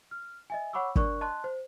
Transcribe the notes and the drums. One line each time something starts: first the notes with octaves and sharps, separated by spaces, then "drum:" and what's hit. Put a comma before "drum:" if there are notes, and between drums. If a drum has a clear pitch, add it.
F6
D#5 E5 G#5
C#5 F#5 B5 C#6 D6 E6
D4 A#4 D5 C#6 F#6, drum: kick
D#5 A5 C6 F#6
C5